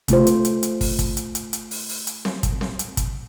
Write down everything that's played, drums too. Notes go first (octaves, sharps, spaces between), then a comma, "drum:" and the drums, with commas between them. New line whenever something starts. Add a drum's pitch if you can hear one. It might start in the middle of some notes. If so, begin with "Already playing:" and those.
C3 A3 F4 C5, drum: kick, hi-hat
drum: hi-hat
drum: hi-hat
drum: hi-hat
drum: kick, open hi-hat
drum: kick, hi-hat
drum: hi-hat
drum: hi-hat
drum: hi-hat
drum: open hi-hat
drum: open hi-hat
drum: hi-hat
drum: snare C4
drum: kick, hi-hat
drum: snare C4
drum: hi-hat
drum: kick, hi-hat